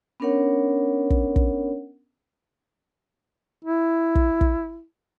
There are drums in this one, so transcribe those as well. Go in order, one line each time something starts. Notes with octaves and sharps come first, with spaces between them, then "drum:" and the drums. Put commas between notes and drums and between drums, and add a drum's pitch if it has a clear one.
B3 C#4 D4 A#4 C#5 F#5
drum: kick
drum: kick
E4
drum: kick
drum: kick